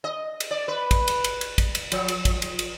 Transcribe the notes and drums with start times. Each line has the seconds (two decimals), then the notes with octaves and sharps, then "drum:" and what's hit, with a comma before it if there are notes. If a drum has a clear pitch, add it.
0.04 D#5
0.40 drum: cymbal
0.51 D5
0.68 B4
0.91 drum: kick, cymbal
1.08 drum: cymbal
1.24 drum: cymbal
1.41 drum: cymbal
1.58 drum: kick, cymbal
1.75 drum: cymbal
1.92 F3, drum: cymbal
2.08 drum: cymbal
2.25 drum: kick, cymbal
2.42 drum: cymbal
2.59 drum: cymbal